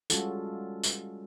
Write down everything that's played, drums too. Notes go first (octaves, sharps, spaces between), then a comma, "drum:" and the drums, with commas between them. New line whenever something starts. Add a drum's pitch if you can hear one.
G3 G#3 C#4 F4 F#4 A4, drum: tambourine
drum: tambourine